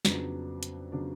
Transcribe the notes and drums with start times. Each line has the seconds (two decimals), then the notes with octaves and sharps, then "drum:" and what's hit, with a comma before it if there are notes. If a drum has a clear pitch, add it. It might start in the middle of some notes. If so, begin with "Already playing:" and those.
0.05 F2 C#3 F#3 B3 D4, drum: snare
0.63 drum: hi-hat
0.92 C#3 F#3 B3 D4